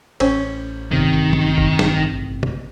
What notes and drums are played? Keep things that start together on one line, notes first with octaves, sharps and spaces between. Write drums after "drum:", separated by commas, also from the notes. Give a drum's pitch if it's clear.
A1 C#4 C5, drum: cymbal
G1 C3 D#3
drum: tom
drum: kick F#1
drum: snare
drum: tom